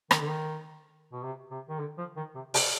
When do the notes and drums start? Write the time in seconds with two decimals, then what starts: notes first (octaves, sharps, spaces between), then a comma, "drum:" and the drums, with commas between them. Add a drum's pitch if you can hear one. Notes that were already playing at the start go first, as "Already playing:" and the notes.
0.11 D#3, drum: rim click
0.19 D3
0.29 D#3
1.13 B2
1.23 C3
1.51 C3
1.69 D#3
1.79 D3
1.98 F3
2.17 D#3
2.35 C3
2.54 C3, drum: open hi-hat